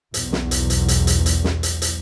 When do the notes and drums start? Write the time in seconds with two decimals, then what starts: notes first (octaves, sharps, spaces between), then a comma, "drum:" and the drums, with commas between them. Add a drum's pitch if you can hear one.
0.14 B1 E2, drum: hi-hat
0.32 drum: snare
0.51 drum: hi-hat
0.70 drum: hi-hat
0.88 drum: hi-hat
1.07 drum: hi-hat
1.26 drum: hi-hat
1.44 drum: snare
1.63 drum: hi-hat
1.82 drum: hi-hat